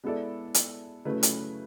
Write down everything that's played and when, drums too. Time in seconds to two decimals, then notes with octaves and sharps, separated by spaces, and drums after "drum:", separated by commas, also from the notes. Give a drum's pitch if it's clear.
0.04 G#3 B3 E4 A4 D5
0.54 drum: hi-hat
1.05 C#3 F#3 A3 E4 B4
1.23 drum: hi-hat